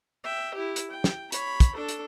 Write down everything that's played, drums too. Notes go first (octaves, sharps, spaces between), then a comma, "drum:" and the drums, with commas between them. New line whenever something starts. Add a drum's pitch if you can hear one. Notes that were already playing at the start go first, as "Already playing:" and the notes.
E5 G5
E4 G4
drum: hi-hat
G5
drum: snare
C#5 B5, drum: hi-hat
drum: kick, hi-hat
D4 A4
drum: hi-hat